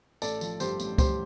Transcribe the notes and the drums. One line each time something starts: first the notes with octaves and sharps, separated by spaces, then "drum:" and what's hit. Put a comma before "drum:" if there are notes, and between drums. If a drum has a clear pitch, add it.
A1 A4 D5, drum: tambourine
F3, drum: tambourine
G2 G4 C5, drum: tambourine
A1, drum: tambourine
A1 G4 C5, drum: kick C#2, tambourine